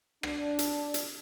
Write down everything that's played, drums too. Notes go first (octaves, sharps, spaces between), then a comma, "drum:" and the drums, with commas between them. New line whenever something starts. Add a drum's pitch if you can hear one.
D4, drum: rim click
drum: hi-hat
drum: hi-hat